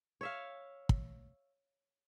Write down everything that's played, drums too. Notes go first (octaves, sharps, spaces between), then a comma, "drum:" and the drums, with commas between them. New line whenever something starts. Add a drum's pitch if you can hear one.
C#5 E5 F5
drum: kick